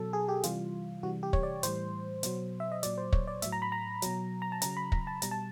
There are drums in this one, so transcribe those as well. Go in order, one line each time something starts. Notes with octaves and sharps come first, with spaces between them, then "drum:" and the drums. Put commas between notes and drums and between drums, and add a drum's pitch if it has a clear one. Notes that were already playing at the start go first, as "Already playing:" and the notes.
Already playing: B2 F#3 A4
G#4
G4
C3 E3 G3 F4, drum: hi-hat
C3 E3 G3 F#4
G4
C#5, drum: kick
D5
A2 E3 G3 C5, drum: hi-hat
B2 F#3, drum: hi-hat
E5
D#5
A#2 F#3 D5, drum: hi-hat
C5
C#5, drum: kick
D5
A2 F#3 E5, drum: hi-hat
A#5
B5
A#5
B2 F#3, drum: hi-hat
A#5
A5
C#3 F#3 A#5, drum: hi-hat
B5
A#5, drum: kick
A5
B2 G3 A#5, drum: hi-hat
A5